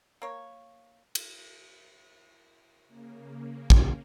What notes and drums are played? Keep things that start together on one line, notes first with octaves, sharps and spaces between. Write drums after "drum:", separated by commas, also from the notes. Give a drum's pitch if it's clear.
A#3 C#5
drum: cymbal
C#3 A#3
drum: kick